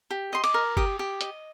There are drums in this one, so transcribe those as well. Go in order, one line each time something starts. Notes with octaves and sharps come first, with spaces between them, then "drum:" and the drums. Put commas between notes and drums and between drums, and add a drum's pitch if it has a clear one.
G4
D#5 C6
D6, drum: cymbal
A#4
G4 D#6, drum: kick
G4
D#5, drum: hi-hat